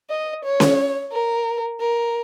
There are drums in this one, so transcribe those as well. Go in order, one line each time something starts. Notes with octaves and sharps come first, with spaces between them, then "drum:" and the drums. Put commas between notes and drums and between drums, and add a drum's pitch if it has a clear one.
D#5
C#5
drum: snare C#4
A#4
A#4